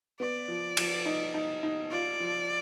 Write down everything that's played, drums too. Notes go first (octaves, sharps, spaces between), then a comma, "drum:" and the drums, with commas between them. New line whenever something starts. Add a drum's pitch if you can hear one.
B3 D5
F3
F3, drum: cymbal
D#4
D#4
D#4
F4 D5
F3